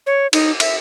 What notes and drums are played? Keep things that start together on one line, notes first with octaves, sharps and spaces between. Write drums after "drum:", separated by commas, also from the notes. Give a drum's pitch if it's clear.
C#5
D#4, drum: cymbal
E5, drum: cymbal